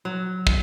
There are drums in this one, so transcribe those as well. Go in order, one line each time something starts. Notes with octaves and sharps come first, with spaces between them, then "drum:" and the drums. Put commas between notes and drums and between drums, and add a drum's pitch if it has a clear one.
F#3
drum: kick